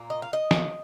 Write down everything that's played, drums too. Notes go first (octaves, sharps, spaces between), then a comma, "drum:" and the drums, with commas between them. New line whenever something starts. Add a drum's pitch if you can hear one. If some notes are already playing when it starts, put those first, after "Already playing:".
Already playing: A#2 A#3
D#5
F5
D#5
drum: snare